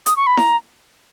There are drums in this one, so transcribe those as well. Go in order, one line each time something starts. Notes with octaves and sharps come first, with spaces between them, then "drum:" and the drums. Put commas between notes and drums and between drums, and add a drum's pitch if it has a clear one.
D#6, drum: hi-hat
C#6
B5
A#5, drum: snare E4